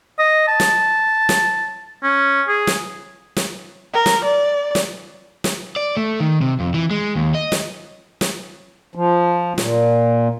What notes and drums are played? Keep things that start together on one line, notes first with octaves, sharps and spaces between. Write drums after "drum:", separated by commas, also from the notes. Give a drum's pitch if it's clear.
D#5
A5
drum: snare
drum: snare
C#4
G#4
drum: snare
drum: snare
A#4
drum: snare
D5
drum: snare
drum: snare
D5
A3
D#3
C3
F2
E3
G#3
D#2
D#5
drum: snare
drum: snare
F3
A#2, drum: snare